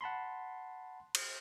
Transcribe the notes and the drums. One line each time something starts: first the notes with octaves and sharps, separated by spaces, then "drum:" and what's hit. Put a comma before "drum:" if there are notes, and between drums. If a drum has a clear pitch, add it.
F#5 A5 B5 C6
drum: cymbal